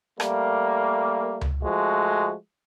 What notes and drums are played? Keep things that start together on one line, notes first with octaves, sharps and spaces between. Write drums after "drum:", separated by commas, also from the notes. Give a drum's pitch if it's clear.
G3 A3 A#3, drum: rim click
drum: tom C#2
F3 G#3 A3 F#4